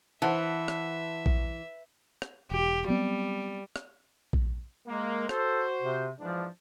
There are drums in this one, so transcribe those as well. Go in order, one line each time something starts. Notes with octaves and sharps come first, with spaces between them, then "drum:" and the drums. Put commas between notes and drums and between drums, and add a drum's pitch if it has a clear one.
E3 C5 E5 F#5 A5
drum: rim click
drum: kick A#1
drum: rim click
E1 G4
F#3 G3 B3 C4
drum: rim click
drum: kick A#1
G#3 A#3
F#4 A4 C5, drum: rim click
C3
G#2 E3 F3 D4